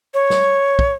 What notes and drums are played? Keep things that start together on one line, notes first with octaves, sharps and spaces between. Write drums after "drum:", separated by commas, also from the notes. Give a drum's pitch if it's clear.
C#5
drum: snare
drum: kick